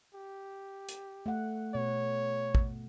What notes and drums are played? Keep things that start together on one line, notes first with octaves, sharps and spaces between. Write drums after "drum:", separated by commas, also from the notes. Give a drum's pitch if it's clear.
G4
drum: hi-hat
A3 F#5
B2 C#5
drum: kick